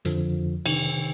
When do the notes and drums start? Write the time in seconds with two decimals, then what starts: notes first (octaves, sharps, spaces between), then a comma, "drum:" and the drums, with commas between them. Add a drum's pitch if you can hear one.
0.05 F2 D3 F3, drum: hi-hat
0.66 C3 D#3 D#4, drum: cymbal